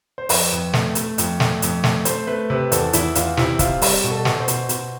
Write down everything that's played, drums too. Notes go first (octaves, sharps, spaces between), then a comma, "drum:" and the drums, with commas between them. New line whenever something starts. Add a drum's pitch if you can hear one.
C5
F2 B4, drum: open hi-hat
F2
A3, drum: snare
A3, drum: hi-hat
F2, drum: hi-hat
A3, drum: snare
F2, drum: hi-hat
A3, drum: snare
A3 C5, drum: hi-hat
A3 B4
C3 B4
E2 A4, drum: hi-hat
E2 E4, drum: hi-hat
E2 F4, drum: hi-hat
C3 E4, drum: snare
C3 F4, drum: kick, hi-hat
G3, drum: open hi-hat
B2
A4
B2, drum: snare
C5
B2, drum: hi-hat
B2, drum: hi-hat